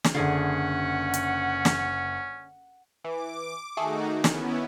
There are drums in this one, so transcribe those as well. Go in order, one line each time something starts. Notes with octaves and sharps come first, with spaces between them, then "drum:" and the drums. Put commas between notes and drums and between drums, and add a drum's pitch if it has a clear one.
drum: snare
F#1 D3 C#4 G#4 F#5 C7
drum: hi-hat
drum: snare
E3 D6
D#3 A3 D#4 F#4 G#4 A4
B3 C#4 E4, drum: snare